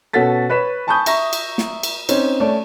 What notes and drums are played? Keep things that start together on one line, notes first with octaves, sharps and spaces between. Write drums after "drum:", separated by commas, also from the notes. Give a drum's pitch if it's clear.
B2 C#4 F#4 A4 A6 B6
B4 C#5 B6 E7
G#5 A5 B5 C#6 D#6 G6
E5 A#5 C#6 A#6, drum: cymbal
drum: cymbal
drum: snare
drum: cymbal
C4 C#4 D#4, drum: cymbal
A3 C#4 D5